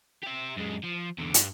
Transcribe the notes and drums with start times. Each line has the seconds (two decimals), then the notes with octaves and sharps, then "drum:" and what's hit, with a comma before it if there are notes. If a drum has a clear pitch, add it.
0.23 G4 E5
0.56 F#2 G#3
0.83 F3
1.18 E2 D3
1.34 G2, drum: hi-hat